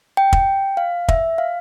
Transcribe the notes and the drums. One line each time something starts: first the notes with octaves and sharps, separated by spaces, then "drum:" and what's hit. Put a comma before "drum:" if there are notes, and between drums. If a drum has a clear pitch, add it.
G5
drum: kick
F5
E5, drum: kick
F5